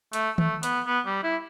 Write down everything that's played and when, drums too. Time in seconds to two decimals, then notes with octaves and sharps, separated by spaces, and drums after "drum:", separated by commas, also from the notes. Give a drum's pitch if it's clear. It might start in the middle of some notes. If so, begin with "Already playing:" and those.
0.13 A3, drum: hi-hat
0.38 A3, drum: tom D#3
0.63 B3, drum: hi-hat
0.87 B3
1.06 G3
1.23 E4